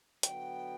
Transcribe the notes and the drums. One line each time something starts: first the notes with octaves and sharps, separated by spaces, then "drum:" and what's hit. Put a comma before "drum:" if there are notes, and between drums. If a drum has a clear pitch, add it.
D3 F#3 B3 F#4 G5, drum: hi-hat